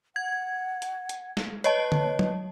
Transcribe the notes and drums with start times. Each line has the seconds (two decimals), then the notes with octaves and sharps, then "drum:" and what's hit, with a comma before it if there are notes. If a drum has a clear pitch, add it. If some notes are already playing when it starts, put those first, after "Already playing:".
0.16 F#5 G#6
0.82 drum: hi-hat
1.09 drum: hi-hat
1.37 drum: snare
1.64 B4 C#5 D#5 A5, drum: hi-hat
1.92 drum: tom D3
2.19 drum: tom F#3